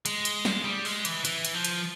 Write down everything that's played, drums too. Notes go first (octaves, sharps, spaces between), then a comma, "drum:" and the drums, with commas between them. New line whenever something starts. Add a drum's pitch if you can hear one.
G#3, drum: hi-hat
drum: hi-hat
drum: snare
G3
G#3, drum: open hi-hat
E3, drum: hi-hat
E3, drum: hi-hat
drum: hi-hat
F3
drum: hi-hat